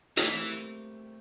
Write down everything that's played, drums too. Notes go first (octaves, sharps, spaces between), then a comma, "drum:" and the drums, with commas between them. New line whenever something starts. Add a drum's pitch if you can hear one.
E3 A3 C4, drum: hi-hat
A3 C4
G3 A#3